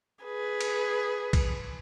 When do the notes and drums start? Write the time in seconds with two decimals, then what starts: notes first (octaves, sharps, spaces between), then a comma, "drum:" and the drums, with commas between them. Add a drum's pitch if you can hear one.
0.24 G#4 B4
0.61 drum: cymbal
1.33 drum: kick B1, cymbal